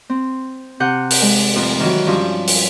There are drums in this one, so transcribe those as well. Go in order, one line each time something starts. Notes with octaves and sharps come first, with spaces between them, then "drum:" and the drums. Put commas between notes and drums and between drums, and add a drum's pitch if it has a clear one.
C4
C3 F#5 G6
drum: open hi-hat
G#3
F2 A2
D#3 E3 F#3
G2 F3 C#4
drum: open hi-hat